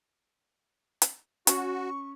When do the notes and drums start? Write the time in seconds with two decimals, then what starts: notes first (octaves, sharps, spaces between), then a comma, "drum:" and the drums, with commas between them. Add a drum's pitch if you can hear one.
1.02 drum: hi-hat
1.47 C#4 F#4 C#6, drum: hi-hat